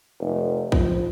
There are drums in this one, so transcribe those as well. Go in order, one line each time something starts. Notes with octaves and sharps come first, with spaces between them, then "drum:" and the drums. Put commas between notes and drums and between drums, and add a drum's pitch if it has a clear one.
F1
F3, drum: kick B1